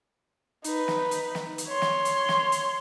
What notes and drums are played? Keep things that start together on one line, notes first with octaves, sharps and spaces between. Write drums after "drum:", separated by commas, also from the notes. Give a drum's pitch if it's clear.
D#4 B4, drum: hi-hat
drum: snare
drum: hi-hat
drum: snare
drum: hi-hat
C#5 C6
drum: snare
drum: hi-hat
drum: snare
drum: hi-hat